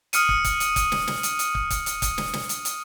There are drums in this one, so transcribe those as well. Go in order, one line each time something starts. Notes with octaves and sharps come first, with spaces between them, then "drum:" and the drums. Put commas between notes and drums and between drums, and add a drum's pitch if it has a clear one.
D#6 F6 C#7 D#7, drum: hi-hat
drum: kick
drum: kick, hi-hat
drum: hi-hat
drum: kick, hi-hat
drum: snare
drum: snare
drum: hi-hat
drum: hi-hat
drum: kick
drum: kick, hi-hat
drum: hi-hat
drum: kick, hi-hat
drum: snare
drum: snare
drum: hi-hat
drum: hi-hat